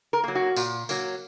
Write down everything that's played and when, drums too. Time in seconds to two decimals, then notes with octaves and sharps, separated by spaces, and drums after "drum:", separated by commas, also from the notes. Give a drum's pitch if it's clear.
0.13 A#4
0.24 F#3 A#3
0.35 F#4
0.56 A#2, drum: tambourine
0.89 F#3 A#3, drum: tambourine